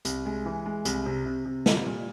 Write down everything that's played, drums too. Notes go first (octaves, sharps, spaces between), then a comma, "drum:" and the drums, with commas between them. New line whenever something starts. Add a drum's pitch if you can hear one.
C2, drum: hi-hat
G#3
E3
G#3
C2, drum: hi-hat
C3
C3
C3
G3, drum: snare
A#2